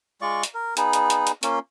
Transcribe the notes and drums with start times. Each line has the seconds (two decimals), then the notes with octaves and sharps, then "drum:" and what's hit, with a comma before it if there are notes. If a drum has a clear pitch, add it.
0.21 G#3 F4 D5 C#6
0.43 drum: hi-hat
0.54 A#4
0.77 B3 D#4 G#4, drum: hi-hat
0.93 drum: hi-hat
1.10 drum: hi-hat
1.27 drum: hi-hat
1.43 A#3 C#4 F4, drum: hi-hat